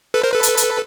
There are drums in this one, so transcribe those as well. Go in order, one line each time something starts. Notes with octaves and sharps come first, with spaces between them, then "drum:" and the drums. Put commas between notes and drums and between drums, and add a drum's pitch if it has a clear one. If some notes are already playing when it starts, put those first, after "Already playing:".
A4 B4
A#4 C5
A4 B4
drum: hi-hat
drum: hi-hat